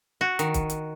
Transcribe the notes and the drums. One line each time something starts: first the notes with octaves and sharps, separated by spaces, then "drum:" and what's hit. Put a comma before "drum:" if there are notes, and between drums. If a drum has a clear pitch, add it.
F#4
D#3, drum: hi-hat
drum: kick, hi-hat
drum: hi-hat